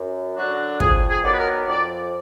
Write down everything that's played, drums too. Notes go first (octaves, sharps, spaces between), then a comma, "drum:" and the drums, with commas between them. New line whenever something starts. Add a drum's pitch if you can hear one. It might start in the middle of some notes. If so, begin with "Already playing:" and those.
Already playing: F#2
D3 F#3 D4 F#4
F2 G#4, drum: kick
G#4
D#3 F#3 B3 D5
B4
A#4
F2 D5